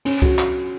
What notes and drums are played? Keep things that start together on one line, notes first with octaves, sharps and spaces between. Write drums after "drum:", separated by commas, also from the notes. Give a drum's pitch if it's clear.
C#4, drum: cymbal
F#4, drum: kick C#2
drum: clap